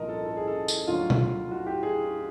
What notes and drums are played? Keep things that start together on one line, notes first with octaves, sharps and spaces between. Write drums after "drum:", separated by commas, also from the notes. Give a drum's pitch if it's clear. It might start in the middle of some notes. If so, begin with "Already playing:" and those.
Already playing: C2 A#2 F3 A#4 D#5
A4
A4
G#4
A4
drum: tambourine
D2 D3 F#3 F4
drum: tom
F#4
G4
G#4